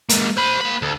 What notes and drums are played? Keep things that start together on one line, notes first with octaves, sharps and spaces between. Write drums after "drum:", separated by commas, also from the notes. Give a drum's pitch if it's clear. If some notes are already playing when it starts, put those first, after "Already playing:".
G#3 A#3, drum: hi-hat
C5 B5
A#3 B5
D2